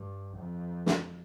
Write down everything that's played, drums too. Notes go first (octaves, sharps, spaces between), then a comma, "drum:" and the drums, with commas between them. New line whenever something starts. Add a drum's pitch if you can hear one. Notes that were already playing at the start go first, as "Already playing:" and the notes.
Already playing: G2
F2
drum: snare